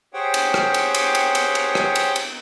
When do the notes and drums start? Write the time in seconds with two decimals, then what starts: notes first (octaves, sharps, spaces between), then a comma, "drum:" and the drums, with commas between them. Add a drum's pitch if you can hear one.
0.14 G4 G#4 C5 C#5 F#5 G5
0.34 drum: cymbal
0.54 drum: rim click
0.74 drum: cymbal
0.94 drum: cymbal
1.15 drum: cymbal
1.35 drum: cymbal
1.55 drum: cymbal
1.75 drum: rim click
1.95 drum: cymbal
2.16 drum: cymbal